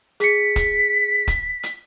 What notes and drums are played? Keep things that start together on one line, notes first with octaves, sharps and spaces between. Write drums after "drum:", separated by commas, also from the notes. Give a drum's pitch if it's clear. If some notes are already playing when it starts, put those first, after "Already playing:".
G#4 B6 C#7, drum: hi-hat
drum: kick, hi-hat
drum: kick, hi-hat
drum: hi-hat